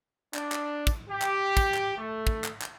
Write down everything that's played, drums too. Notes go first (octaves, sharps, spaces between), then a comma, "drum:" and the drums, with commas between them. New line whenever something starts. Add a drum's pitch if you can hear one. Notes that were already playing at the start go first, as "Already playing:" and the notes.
D4, drum: clap
drum: clap
drum: kick, tambourine
G4
drum: clap
drum: kick, tambourine
drum: clap
A3
drum: kick
drum: clap
drum: clap